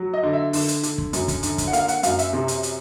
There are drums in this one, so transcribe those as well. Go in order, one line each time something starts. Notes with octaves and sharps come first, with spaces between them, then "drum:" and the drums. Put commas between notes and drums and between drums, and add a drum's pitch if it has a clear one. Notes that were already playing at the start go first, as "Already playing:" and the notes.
Already playing: F#3
D#5
D3
E5
D3, drum: open hi-hat
drum: hi-hat
D3, drum: hi-hat
drum: kick
F#2, drum: hi-hat
drum: kick, hi-hat
D3, drum: hi-hat
drum: kick, hi-hat
F#5
A#3 F5, drum: hi-hat
F#5, drum: hi-hat
F#2 F5, drum: hi-hat
E5, drum: hi-hat
C3
drum: hi-hat
drum: hi-hat